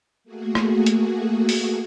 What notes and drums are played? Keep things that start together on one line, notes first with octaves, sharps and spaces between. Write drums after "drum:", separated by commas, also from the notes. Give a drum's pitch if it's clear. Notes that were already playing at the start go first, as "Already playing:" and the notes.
A3 A#3 F#4 G#4
drum: rim click
drum: hi-hat
drum: open hi-hat